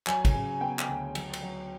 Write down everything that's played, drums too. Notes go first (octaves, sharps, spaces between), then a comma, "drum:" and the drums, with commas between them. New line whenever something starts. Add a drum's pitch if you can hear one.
F#3 G#5, drum: clap
drum: kick, cymbal
C#3
B3 G5
drum: clap
D2
F#3, drum: cymbal
drum: cymbal
F#3